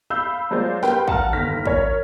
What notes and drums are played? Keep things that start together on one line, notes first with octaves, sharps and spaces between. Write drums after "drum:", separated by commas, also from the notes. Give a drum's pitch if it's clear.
F5 B5 E6 G6
F#3 G#3 F4 C5 D5
G4 A#4 B4 G5 C6, drum: snare
F#5 A5 A#5 F6, drum: kick
G1 D#2 F6 A#6 B6
A#4 C#5, drum: kick